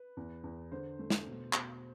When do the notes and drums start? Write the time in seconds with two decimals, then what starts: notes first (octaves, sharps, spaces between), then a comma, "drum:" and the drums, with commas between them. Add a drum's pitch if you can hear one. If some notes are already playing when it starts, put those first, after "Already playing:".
Already playing: B4
0.17 E2
0.44 E2
0.72 D3 C5
0.99 A3
1.10 drum: snare
1.27 B2
1.53 B2, drum: clap